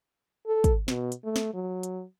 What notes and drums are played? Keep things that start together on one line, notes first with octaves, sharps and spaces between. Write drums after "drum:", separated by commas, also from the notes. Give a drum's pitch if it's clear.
A4
drum: kick, hi-hat
B2, drum: snare
drum: hi-hat
A3
drum: snare
F#3
drum: hi-hat